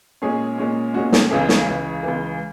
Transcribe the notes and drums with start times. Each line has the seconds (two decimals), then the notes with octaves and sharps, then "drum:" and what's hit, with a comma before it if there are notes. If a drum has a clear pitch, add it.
0.22 A#2 G#3 C#4 G#4
0.58 A#2 G#3 C#4
0.94 A#2 G#3 C#4 F#4
1.13 drum: snare
1.31 C#2 C#3 E3 G#4
1.49 drum: snare
1.66 C#2 C#3 E3
2.03 C#2 C#3 E3